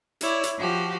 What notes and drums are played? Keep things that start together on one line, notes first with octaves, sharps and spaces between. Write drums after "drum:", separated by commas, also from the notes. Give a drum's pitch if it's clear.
E4 C#5 D5, drum: hi-hat
drum: hi-hat
F3 F#4 G4